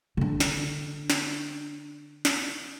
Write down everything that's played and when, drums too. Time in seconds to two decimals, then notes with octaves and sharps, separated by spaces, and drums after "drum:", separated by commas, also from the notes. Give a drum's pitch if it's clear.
0.17 D3 D4
0.40 drum: snare
1.10 drum: snare
2.25 drum: snare